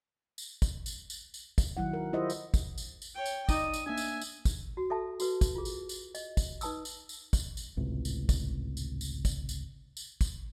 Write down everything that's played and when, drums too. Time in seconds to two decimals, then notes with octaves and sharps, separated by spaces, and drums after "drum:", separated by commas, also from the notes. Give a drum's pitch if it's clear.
0.38 drum: tambourine
0.62 drum: kick, tambourine
0.86 drum: tambourine
1.10 drum: tambourine
1.34 drum: tambourine
1.58 drum: kick, tambourine
1.77 D#3 F#3 E4 F#5
1.93 A#4
2.13 E4 F4 G4 C5 D#5 E5
2.30 drum: tambourine
2.54 drum: kick, tambourine
2.78 drum: tambourine
3.02 drum: tambourine
3.15 C#5 G5
3.26 drum: tambourine
3.49 D#4 D5 D#5 D#6, drum: kick, tambourine
3.74 drum: tambourine
3.87 A#3 D4 E5 G#5
3.97 drum: tambourine
4.21 drum: tambourine
4.45 drum: kick, tambourine
4.77 F#4
4.90 A4 E5 A5
5.20 F#4 B4, drum: tambourine
5.41 drum: kick, tambourine
5.56 F4 G#4
5.65 drum: tambourine
5.89 drum: tambourine
6.15 D#5, drum: tambourine
6.37 drum: kick, tambourine
6.61 D#4 B4 A5 D#6 E6, drum: tambourine
6.85 drum: tambourine
7.09 drum: tambourine
7.33 drum: kick, tambourine
7.57 drum: tambourine
7.77 G#1 C#2 A2 C3
8.05 drum: tambourine
8.29 drum: kick, tambourine
8.77 drum: tambourine
9.01 drum: tambourine
9.25 drum: kick, tambourine
9.49 drum: tambourine
9.97 drum: tambourine
10.21 drum: kick, tambourine